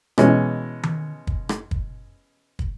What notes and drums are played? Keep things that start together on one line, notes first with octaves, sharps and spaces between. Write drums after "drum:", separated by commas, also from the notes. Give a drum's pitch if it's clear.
B2 E3 G#3 C#4, drum: rim click
drum: tom D#3
drum: kick
drum: rim click
drum: kick
drum: kick